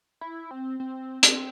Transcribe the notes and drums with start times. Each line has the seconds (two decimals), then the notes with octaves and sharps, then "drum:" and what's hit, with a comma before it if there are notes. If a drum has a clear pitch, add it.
0.21 E4
0.51 C4
0.80 C4
1.23 C4, drum: hi-hat